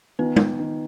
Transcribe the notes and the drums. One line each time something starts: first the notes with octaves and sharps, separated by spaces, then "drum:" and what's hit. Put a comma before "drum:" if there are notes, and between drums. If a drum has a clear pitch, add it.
D#3 B3 B4
drum: tom G#3
D#3